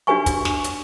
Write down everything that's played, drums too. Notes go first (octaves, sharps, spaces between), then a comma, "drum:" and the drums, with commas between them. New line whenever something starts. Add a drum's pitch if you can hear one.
D4 F#4 G4 B4 G#5 C#6
drum: kick, hi-hat
drum: snare
drum: hi-hat